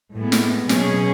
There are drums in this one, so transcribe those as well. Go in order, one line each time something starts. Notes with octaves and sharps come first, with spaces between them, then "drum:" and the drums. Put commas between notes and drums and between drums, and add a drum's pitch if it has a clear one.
A2 G#3 B3
drum: snare
B2 F#3 C#4 G#4, drum: snare